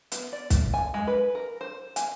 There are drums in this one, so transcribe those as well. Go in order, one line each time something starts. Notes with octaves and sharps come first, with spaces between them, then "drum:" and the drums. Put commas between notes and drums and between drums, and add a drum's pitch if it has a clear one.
B3, drum: hi-hat
D5
drum: kick, hi-hat
G#5
G#3
B4
A#4
C5
G#5, drum: hi-hat